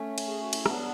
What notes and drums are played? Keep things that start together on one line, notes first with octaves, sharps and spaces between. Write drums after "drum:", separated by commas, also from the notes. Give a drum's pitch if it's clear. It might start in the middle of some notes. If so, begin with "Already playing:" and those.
Already playing: A3 C#4
drum: cymbal
G#4
F#4
E4, drum: cymbal
B3 D4, drum: rim click